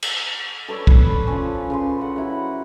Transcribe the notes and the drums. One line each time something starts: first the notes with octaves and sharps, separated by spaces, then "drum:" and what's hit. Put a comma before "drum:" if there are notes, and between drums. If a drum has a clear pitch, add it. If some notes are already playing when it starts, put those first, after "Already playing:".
drum: cymbal
A4 B4 C#5 D5
B4, drum: kick
F3 C#4
C#3 B4 C6
B4 F#5
F#3 E4 F#5